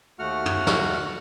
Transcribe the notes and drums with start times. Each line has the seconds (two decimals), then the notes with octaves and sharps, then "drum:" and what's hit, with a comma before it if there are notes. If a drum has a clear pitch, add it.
0.19 D#2 A3 F#4 F#5 F6
0.46 drum: tom
0.67 drum: snare